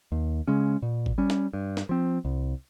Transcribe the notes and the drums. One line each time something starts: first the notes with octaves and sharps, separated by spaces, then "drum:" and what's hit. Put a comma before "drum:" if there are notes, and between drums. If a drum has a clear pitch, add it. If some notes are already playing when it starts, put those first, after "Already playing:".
D#2
C#3 G#3 C#4
A#2
drum: kick G#1
G3 C#4
drum: snare
G2
drum: snare
F3 C4
C2